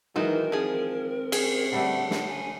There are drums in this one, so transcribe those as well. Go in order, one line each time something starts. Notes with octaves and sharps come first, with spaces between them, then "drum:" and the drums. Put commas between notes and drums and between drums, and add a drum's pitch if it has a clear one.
D#3 E3 F#3 G#3 D#4 F#4 A#4
F3 C4 G#4
G#4, drum: cymbal
D3 G3 A3 F#5
drum: snare
G#5